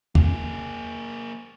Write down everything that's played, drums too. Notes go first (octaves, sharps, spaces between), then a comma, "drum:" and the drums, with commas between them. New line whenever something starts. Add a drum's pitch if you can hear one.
A#3 G#4, drum: tom